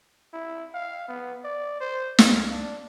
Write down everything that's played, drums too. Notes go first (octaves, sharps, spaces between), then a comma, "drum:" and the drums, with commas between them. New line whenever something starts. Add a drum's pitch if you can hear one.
E4
F5
B3
D5
C5
F5, drum: snare
D4